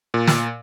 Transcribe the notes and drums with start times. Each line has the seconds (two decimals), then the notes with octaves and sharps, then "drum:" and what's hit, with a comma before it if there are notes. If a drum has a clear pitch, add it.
0.14 A#2
0.27 drum: snare